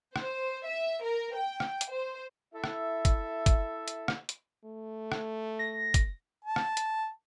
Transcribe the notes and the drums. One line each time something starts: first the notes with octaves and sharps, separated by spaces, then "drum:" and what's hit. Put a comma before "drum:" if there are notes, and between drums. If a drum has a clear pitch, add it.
C5, drum: rim click
E5
A#4
G5
drum: rim click
drum: hi-hat
C5
E4 A4 E5
drum: rim click
drum: kick, hi-hat
drum: kick, hi-hat
drum: hi-hat
drum: rim click
drum: hi-hat
A3
drum: rim click
A#6
drum: kick, hi-hat
A5
drum: rim click
drum: hi-hat